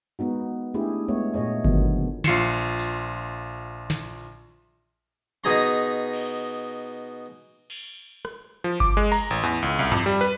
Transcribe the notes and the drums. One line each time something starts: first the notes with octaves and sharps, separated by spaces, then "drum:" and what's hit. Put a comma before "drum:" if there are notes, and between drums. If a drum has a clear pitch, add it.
G#3 B3 D#4 F#4
A3 D4 E4 G4 G#4
G#3 A3 B3 C#5
A#2 A3 G#4 C#5 D#5
D3 D#3 F3 F#3 B3, drum: kick G1
B2 F#3
A#1 F4 C7 C#7 E7, drum: snare
drum: tambourine
drum: snare
B2 D#4 G#4 A#5 C6
drum: cymbal
drum: cymbal
drum: rim click
F3
D6, drum: kick G1
G#3
A#5, drum: cymbal
A1
E2
C#2
C2
F2, drum: tom G2
G3
B4